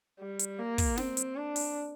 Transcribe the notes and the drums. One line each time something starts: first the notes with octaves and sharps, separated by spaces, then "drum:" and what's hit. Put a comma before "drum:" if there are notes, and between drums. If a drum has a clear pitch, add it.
G3
drum: hi-hat
A#3
drum: kick, open hi-hat
C4, drum: snare
drum: hi-hat
D4
drum: open hi-hat